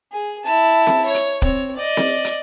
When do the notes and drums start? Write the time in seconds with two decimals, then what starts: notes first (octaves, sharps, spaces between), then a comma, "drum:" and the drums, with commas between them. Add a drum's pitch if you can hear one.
0.12 G#4
0.44 E4 A5
0.87 drum: snare C4
1.05 C#5
1.14 drum: hi-hat
1.42 C4 C#5, drum: kick
1.76 D5 D#5
1.97 drum: snare C4
2.25 drum: hi-hat